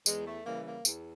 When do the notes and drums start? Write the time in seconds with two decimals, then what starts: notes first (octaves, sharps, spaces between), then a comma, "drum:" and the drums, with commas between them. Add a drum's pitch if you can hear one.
0.06 E2 G#3, drum: tambourine
0.26 A3
0.45 C#3 E3 G3 A#3
0.65 A#3
0.85 E2, drum: tambourine